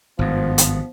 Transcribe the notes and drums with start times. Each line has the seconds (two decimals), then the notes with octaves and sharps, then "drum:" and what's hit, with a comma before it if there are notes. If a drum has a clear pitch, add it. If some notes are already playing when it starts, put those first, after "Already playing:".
0.19 G#1 G2 F3 B3
0.58 drum: hi-hat